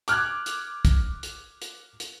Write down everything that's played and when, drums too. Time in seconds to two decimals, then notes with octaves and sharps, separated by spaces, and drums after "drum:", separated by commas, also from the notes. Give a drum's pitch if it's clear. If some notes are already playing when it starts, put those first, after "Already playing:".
0.08 D6 F6 F#6 G#6, drum: hi-hat
0.46 drum: hi-hat
0.85 drum: kick, hi-hat
1.23 drum: hi-hat
1.62 drum: hi-hat
2.00 drum: hi-hat